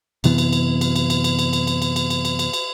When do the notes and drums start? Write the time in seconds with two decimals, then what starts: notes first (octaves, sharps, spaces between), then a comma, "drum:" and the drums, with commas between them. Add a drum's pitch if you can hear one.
0.24 F#2 C3 E3 B3, drum: cymbal
0.38 drum: cymbal
0.53 drum: cymbal
0.81 drum: cymbal
0.96 drum: cymbal
1.10 drum: cymbal
1.24 drum: cymbal
1.39 drum: cymbal
1.53 drum: cymbal
1.67 drum: cymbal
1.82 drum: cymbal
1.96 drum: cymbal
2.10 drum: cymbal
2.25 drum: cymbal
2.39 drum: cymbal
2.53 drum: cymbal